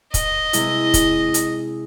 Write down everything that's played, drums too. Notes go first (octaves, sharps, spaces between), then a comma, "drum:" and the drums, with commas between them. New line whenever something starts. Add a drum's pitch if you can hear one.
D#5, drum: kick, hi-hat
C3 G#3 E4, drum: hi-hat
drum: kick, hi-hat
drum: hi-hat